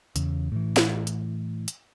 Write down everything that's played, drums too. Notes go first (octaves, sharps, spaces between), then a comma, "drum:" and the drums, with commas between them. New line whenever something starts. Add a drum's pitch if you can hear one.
E2 C#3, drum: hi-hat
A2 E3
drum: snare
drum: hi-hat
drum: hi-hat